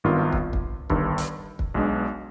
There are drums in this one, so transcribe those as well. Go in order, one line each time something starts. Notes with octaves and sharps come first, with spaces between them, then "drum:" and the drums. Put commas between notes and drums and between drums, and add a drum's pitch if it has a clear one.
G#1 G2 D#3 B3 F4
drum: kick
drum: kick
G1 G2 D#3, drum: kick
drum: hi-hat
drum: kick
B1 B2 G#3 D4